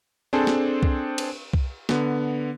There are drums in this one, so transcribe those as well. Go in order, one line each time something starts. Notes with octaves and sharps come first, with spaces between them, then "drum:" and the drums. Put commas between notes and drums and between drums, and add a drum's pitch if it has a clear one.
C4 D4 G#4 A4 C5
drum: snare
drum: kick C2
drum: cymbal
drum: kick C2
D3 B3, drum: snare